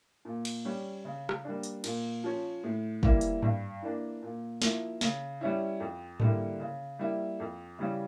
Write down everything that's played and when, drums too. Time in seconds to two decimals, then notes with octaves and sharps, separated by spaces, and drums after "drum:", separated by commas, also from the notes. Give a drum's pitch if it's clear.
0.25 A#2
0.45 drum: cymbal
0.65 G3 C#4
1.05 C#3
1.29 drum: rim click
1.45 G3 A#3 D4
1.63 drum: hi-hat
1.84 A#2, drum: cymbal
2.24 F3 C#4
2.63 A2
3.03 E3 G3 A#3 E4, drum: kick
3.21 drum: hi-hat
3.42 G2, drum: tom G#2
3.82 E3 A#3 D4
4.22 A#2
4.62 F3 A#3 E4, drum: snare
5.01 C#3, drum: snare
5.41 G3 C#4 E4
5.80 F2
6.20 D3 G3 A#3 E4, drum: tom G#2
6.59 C#3
6.99 G3 A#3 E4
7.40 F2
7.79 C#3 E3 G3 C#4